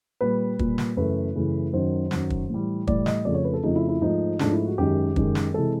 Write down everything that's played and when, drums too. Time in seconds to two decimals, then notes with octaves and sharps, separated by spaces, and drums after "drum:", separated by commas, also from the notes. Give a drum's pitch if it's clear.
0.21 A#2 G3 B4
0.59 A#2 G3, drum: kick
0.78 drum: snare
0.97 F#2 C#3 E3 A3 B4
1.36 F#2 C#3 E3 A3
1.73 F#2 D#3 F#3 C5
2.11 F#2 D#3 F#3, drum: snare
2.30 drum: kick
2.50 A2 E3 G3
2.87 A2 E3 G3 D5, drum: kick
3.06 D#5, drum: snare
3.25 F2 C#3 F3 A3 D5
3.35 C#5
3.44 B4
3.54 A4
3.63 F2 C#3 F3 A3 D#4
3.76 E4
3.88 E4
4.01 G#2 F3 A3 D#4
4.39 G#2 F3 A3 D4, drum: snare
4.52 E4
4.66 F#4
4.78 F#2 D#3 G#3 G4
5.16 F#2 D#3 G#3, drum: kick
5.35 drum: snare
5.54 C3 E3 G#3 A4